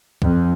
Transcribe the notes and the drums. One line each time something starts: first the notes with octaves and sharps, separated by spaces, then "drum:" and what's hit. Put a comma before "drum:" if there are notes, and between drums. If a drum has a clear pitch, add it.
F2, drum: kick C2